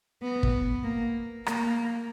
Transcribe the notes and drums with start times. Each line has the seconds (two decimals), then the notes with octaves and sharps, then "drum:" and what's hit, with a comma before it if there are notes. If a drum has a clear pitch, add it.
0.22 B3
0.43 drum: kick
0.84 A#3
1.46 A#3, drum: rim click